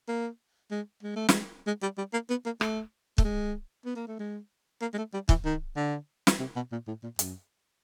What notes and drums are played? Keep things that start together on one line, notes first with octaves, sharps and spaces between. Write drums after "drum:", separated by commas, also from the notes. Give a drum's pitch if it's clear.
A#3
G#3
G#3
A3
G#3, drum: snare
G#3
G3
G3
A#3
B3
A#3
A3, drum: rim click
A3, drum: kick
G#3
B3
A#3
A3
G#3
A#3
G#3
A3
G3
E3, drum: kick
D#3
D3
drum: snare
C3
B2
A#2
A2
A#2
F#2, drum: hi-hat